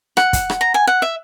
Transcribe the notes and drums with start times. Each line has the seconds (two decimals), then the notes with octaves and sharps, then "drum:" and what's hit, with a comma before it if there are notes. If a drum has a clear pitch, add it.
0.17 F#5, drum: rim click
0.33 drum: kick, hi-hat
0.50 drum: rim click
0.61 A#5
0.74 G#5
0.87 F#5
1.02 E5